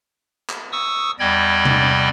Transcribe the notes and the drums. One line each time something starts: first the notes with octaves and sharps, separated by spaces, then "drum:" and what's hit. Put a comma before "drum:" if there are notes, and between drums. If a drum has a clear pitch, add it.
drum: clap
C#6 D#6 E6
E2 G3 D5 D#5 G5 G#6
drum: tom C3